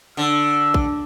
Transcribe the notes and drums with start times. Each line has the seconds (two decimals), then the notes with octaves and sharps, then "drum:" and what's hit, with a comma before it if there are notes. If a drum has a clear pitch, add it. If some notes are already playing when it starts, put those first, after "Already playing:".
0.17 D3 E6
0.74 drum: kick